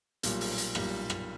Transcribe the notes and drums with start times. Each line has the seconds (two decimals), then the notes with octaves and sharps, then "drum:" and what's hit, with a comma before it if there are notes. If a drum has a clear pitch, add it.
0.23 B1 A#2 G3, drum: hi-hat
0.41 drum: open hi-hat
0.58 drum: hi-hat
0.75 B1 A#2 G3, drum: rim click
1.10 drum: rim click